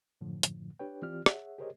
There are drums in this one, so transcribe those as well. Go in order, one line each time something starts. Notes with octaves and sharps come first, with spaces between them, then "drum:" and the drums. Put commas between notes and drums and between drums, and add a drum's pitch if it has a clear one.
F#2 A2 D3 F3
drum: hi-hat
D4 G4 B4 C#5 G5
E3 C4 F4 G4 D5 F6
G#4 C#5 E5 F#5, drum: rim click
G4 G#4 A#4 C5 C#5 D#5